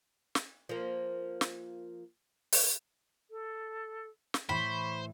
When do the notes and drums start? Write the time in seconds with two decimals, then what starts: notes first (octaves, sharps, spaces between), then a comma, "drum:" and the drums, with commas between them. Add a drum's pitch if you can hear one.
0.35 drum: snare
0.69 F3 A#3
1.41 drum: snare
2.53 drum: open hi-hat
3.31 A4
4.34 drum: snare
4.49 A2 E3 C5 B5 C#6